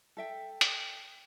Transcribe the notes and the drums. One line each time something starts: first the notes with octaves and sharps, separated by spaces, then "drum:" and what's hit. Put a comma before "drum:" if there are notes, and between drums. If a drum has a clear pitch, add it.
A4 E5 G5
drum: hi-hat